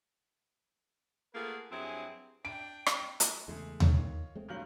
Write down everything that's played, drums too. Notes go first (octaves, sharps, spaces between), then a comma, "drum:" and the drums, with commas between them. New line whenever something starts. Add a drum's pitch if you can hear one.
A3 A#3 F4 G#4 B4 F#5
G2 F#3 C4 E4 G#4
D4 G5 D7
drum: rim click
drum: hi-hat
E2 C#3 G#3 A3 G#4
D#3 F4 C#5 D#5, drum: tom D#2
G#3 A3 C4
G2 F#3 F6 G6 F#7